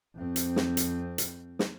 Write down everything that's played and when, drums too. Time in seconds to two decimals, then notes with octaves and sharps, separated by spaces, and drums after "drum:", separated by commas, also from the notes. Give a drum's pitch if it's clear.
0.15 F2 C4
0.36 drum: hi-hat
0.56 drum: snare
0.77 drum: hi-hat
1.18 drum: hi-hat
1.59 drum: snare